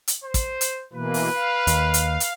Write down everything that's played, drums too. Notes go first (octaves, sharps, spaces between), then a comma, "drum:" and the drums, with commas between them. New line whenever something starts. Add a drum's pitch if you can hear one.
drum: hi-hat
C5
drum: kick, hi-hat
drum: hi-hat
B2 E3 A#3 B4
drum: open hi-hat
F5
D#2, drum: hi-hat
drum: hi-hat
drum: hi-hat